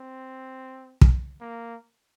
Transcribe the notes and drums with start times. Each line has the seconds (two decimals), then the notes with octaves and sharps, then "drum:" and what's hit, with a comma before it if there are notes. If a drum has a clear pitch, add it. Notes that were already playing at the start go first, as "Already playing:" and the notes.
Already playing: C4
1.01 drum: kick
1.41 A#3